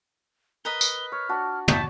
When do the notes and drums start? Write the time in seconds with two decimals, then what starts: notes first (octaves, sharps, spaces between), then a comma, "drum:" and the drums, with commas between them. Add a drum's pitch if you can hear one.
0.65 A#4 B4 D#5 G7
0.81 drum: tambourine
1.12 C#5 F6
1.29 D4 F#4
1.68 E4 C#5 D5 G5 A5, drum: tom